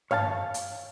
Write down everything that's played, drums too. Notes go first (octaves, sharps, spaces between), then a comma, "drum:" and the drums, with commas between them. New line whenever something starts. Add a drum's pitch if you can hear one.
C#5 F5 G#5 A5, drum: tom G2
drum: hi-hat